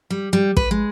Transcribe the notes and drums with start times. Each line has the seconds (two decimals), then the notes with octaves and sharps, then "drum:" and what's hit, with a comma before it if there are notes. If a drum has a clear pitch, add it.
0.10 G3
0.33 G3
0.57 B4, drum: kick
0.71 G#3